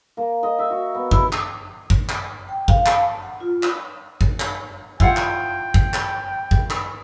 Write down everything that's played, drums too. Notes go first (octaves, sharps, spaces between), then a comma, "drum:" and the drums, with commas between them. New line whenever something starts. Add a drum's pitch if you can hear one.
A#3
D#5
E5
F#4
B3
E4, drum: kick
drum: clap
drum: kick
drum: clap
G5
F5, drum: kick
F5, drum: clap
A5
F#5
F4
drum: clap
drum: kick
drum: clap
E4 F4 F#5 G5, drum: kick
drum: clap
drum: kick
drum: clap
drum: kick
drum: clap